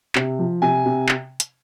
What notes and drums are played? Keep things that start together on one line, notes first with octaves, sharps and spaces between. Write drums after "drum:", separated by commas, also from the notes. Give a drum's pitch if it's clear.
C3, drum: clap
F3
C3 G#5
C3
drum: clap
drum: hi-hat